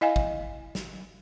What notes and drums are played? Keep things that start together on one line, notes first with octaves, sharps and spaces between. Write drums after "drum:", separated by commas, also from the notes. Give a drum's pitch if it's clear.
E4 D#5 F5 G#5
drum: kick
drum: snare